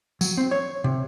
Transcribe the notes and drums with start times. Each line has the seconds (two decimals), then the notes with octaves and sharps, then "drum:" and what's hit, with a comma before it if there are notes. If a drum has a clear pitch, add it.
0.21 F#3, drum: tambourine
0.37 C4
0.51 C#5
0.84 C3